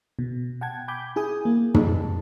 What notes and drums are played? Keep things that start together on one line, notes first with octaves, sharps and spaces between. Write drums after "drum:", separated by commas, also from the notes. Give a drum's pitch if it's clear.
B2
F#5 G5 A5 G#6
G#5 B5 D6 G6
E4 G#4 G#5 D#6
A#3
A5, drum: tom